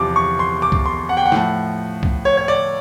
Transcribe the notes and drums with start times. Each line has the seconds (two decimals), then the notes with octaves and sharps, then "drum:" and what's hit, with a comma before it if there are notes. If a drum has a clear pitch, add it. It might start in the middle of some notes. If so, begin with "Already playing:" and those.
Already playing: E2 C3 F3 D6
0.16 C#6
0.39 C6
0.62 D6
0.72 drum: kick C2
0.86 C6
1.09 F#5
1.17 G5
1.26 F#5
1.32 A2 F3, drum: snare
2.03 drum: kick C2
2.25 C#5
2.37 C#5
2.48 D5